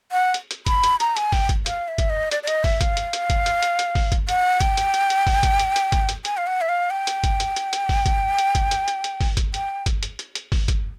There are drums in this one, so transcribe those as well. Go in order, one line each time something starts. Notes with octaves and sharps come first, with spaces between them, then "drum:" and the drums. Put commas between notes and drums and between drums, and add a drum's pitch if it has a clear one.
F#5
drum: hi-hat
drum: hi-hat
B5, drum: kick, hi-hat
drum: hi-hat
A#5, drum: hi-hat
G#5, drum: hi-hat
G5, drum: kick, open hi-hat
drum: kick, hi-hat
F5, drum: hi-hat
E5
drum: kick, hi-hat
D#5
D5, drum: hi-hat
D5
D#5, drum: hi-hat
E5, drum: kick, open hi-hat
F5, drum: kick, hi-hat
drum: hi-hat
drum: hi-hat
drum: kick, hi-hat
drum: hi-hat
drum: hi-hat
drum: hi-hat
drum: kick, open hi-hat
drum: kick, hi-hat
F#5, drum: hi-hat
G5, drum: kick, hi-hat
drum: hi-hat
drum: hi-hat
drum: hi-hat
drum: kick, open hi-hat
drum: kick, hi-hat
drum: hi-hat
drum: hi-hat
drum: kick, hi-hat
drum: hi-hat
G#5, drum: hi-hat
F5
F#5
E5
F5
G5
drum: hi-hat
drum: kick, hi-hat
drum: hi-hat
drum: hi-hat
drum: hi-hat
drum: kick, open hi-hat
drum: kick, hi-hat
drum: hi-hat
drum: kick, hi-hat
drum: hi-hat
drum: hi-hat
drum: hi-hat
drum: kick, open hi-hat
drum: kick, hi-hat
G5, drum: hi-hat
drum: kick, hi-hat
drum: hi-hat
drum: hi-hat
drum: hi-hat
drum: kick, open hi-hat
drum: kick, hi-hat